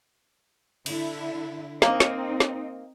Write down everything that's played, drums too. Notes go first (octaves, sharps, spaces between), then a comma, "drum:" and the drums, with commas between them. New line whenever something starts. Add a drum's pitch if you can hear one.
D3 E4, drum: cymbal
A#3 C4 D#4, drum: snare
drum: snare
drum: snare